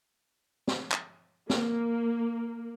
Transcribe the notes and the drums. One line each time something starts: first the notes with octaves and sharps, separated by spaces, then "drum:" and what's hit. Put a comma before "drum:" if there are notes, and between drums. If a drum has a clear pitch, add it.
drum: snare
drum: clap
A#3, drum: snare